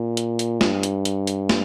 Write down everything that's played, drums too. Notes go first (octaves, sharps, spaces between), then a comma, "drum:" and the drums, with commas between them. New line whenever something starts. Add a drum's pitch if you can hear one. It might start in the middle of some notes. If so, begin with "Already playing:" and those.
Already playing: A#2
drum: hi-hat
drum: hi-hat
G2, drum: snare
drum: hi-hat
drum: hi-hat
drum: hi-hat
drum: snare